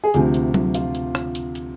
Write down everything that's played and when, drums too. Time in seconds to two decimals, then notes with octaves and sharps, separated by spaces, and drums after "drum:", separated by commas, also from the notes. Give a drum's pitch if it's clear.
0.04 G#4
0.14 D2 C3 F3 G4, drum: hi-hat
0.34 drum: hi-hat
0.54 drum: tom F#3
0.75 F4, drum: hi-hat
0.95 drum: hi-hat
1.15 drum: rim click
1.35 drum: hi-hat
1.55 drum: hi-hat